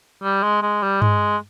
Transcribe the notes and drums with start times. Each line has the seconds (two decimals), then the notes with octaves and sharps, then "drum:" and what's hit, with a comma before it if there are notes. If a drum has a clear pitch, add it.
0.23 G3
0.43 G#3
0.62 G#3
0.83 G3
1.02 G#3, drum: tom G2